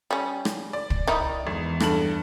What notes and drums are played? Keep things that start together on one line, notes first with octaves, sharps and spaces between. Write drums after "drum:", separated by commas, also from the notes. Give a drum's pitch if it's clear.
G3 C#4
drum: rim click
D5
drum: kick
D#3 D#4 E4
G#1 E2
G2 A4 F#7, drum: rim click